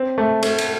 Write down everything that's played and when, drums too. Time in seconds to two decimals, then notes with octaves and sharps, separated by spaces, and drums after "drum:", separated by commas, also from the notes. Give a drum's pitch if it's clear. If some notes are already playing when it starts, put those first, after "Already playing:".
Already playing: C4
0.18 A3
0.43 A3, drum: cymbal
0.58 drum: cymbal